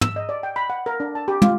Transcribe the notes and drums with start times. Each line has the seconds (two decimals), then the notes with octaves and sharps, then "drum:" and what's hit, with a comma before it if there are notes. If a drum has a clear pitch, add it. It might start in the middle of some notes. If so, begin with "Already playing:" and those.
0.01 E6, drum: tom
0.16 D#5
0.29 D5
0.43 G5
0.56 B5
0.70 F#5
0.86 A#4
1.00 D4
1.15 A5
1.28 G4
1.42 F4, drum: tom